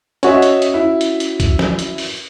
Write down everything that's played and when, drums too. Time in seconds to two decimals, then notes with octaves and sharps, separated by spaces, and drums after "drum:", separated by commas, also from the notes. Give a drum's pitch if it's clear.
0.23 C#4 F#4 C#5 D#5 E5, drum: hi-hat
0.42 drum: hi-hat
0.62 drum: hi-hat
0.74 E4
1.01 drum: hi-hat
1.20 drum: hi-hat
1.40 drum: kick, hi-hat
1.59 drum: snare
1.79 drum: hi-hat
1.98 drum: open hi-hat